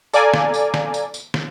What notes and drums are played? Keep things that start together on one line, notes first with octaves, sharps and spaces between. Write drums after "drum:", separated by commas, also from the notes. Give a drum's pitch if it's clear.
A4 D5 F5 G#5 A#5, drum: tambourine
drum: snare
drum: tambourine
drum: snare
drum: tambourine
drum: tambourine
drum: snare